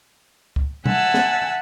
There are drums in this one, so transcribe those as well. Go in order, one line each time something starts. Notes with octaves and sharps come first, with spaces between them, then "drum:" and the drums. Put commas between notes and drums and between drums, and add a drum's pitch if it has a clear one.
drum: kick
E5 F#5 G#5 A5 E6, drum: tom B2
drum: snare